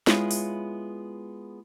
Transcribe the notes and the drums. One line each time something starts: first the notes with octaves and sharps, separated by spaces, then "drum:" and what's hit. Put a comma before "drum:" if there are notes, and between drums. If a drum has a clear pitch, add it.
G#3 B3 E4 F4 C#5, drum: snare
drum: open hi-hat